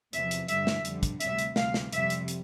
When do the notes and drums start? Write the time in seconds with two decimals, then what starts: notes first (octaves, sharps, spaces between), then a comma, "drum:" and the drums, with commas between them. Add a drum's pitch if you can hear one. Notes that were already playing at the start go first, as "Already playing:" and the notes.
0.13 E2 C3 F3 E5, drum: hi-hat
0.31 drum: hi-hat
0.48 G2 D3 G3 E5, drum: hi-hat
0.67 drum: snare
0.85 F2 D3 G3, drum: hi-hat
1.03 drum: kick, hi-hat
1.20 D2 C3 G3 E5, drum: hi-hat
1.39 drum: hi-hat
1.56 D2 C3 G3 F5, drum: snare
1.74 drum: snare
1.93 F2 C3 G3 E5, drum: hi-hat
2.10 drum: hi-hat
2.28 drum: hi-hat